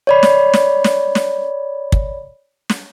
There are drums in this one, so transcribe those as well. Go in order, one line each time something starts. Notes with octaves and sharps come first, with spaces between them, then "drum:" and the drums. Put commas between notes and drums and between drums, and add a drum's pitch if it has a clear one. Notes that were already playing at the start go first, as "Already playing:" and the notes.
C#5 D5 B5
drum: snare
drum: snare
drum: snare
drum: snare
drum: kick
drum: snare